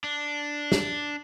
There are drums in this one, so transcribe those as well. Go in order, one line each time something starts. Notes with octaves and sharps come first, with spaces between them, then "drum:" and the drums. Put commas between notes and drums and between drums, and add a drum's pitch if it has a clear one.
D4
drum: snare